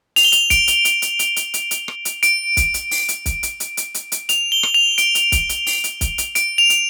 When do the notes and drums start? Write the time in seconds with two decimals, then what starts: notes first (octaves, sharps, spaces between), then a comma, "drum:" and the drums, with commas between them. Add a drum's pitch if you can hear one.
0.16 F7, drum: open hi-hat
0.24 G7
0.32 F7, drum: hi-hat
0.50 D7, drum: kick, hi-hat
0.68 drum: hi-hat
0.85 drum: hi-hat
1.02 drum: hi-hat
1.19 drum: hi-hat
1.36 drum: hi-hat
1.54 drum: hi-hat
1.71 drum: hi-hat
1.88 drum: rim click
2.05 drum: hi-hat
2.23 D7, drum: hi-hat
2.57 drum: kick, hi-hat
2.74 drum: hi-hat
2.91 drum: open hi-hat
3.08 drum: hi-hat
3.26 drum: kick, hi-hat
3.43 drum: hi-hat
3.60 drum: hi-hat
3.77 drum: hi-hat
3.94 drum: hi-hat
4.12 drum: hi-hat
4.29 F7, drum: hi-hat
4.52 G7
4.63 drum: rim click
4.74 F7
4.98 D7, drum: hi-hat
5.15 drum: hi-hat
5.32 drum: kick, hi-hat
5.49 drum: hi-hat
5.67 drum: open hi-hat
5.84 drum: hi-hat
6.01 drum: kick, hi-hat
6.18 drum: hi-hat
6.35 D7, drum: hi-hat
6.58 F7
6.70 drum: hi-hat